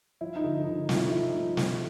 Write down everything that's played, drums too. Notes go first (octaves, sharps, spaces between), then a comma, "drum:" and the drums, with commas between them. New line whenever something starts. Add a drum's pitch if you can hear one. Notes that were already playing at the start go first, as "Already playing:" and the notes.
F3 E4
D#4
D3
D3 D#4
A3 F4, drum: snare
E4
D#4
F3 E4
A3
A3, drum: snare